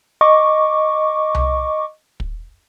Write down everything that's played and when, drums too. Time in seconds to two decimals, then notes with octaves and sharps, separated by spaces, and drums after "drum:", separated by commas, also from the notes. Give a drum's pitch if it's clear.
0.21 D#5 C#6 D6
1.35 drum: tom C2
2.20 drum: kick